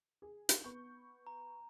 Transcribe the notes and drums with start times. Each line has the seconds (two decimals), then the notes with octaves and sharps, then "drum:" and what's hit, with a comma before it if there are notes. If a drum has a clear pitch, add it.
0.22 G#4
0.49 drum: hi-hat
0.64 B3 C#6 G6
1.27 A#5